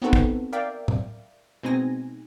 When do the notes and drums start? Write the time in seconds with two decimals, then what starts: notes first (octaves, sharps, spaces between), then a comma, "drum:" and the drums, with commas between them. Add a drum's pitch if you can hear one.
0.02 B3 C4 D#4 F#4 A4 B4
0.13 drum: kick
0.52 A#4 D5 E5 F5 G5
0.88 drum: tom
1.63 B2 G#3 C4 D#4 G#5 A#6